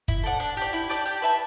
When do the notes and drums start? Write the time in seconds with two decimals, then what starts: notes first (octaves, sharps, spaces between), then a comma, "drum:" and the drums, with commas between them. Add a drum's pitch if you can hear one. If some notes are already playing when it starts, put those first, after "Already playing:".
0.08 E4, drum: kick F#1
0.24 A4 D5 F#5
0.40 D4
0.57 G4 D5
0.73 E4
0.89 G4 D5 A5
1.05 G4
1.22 B4 E5 A5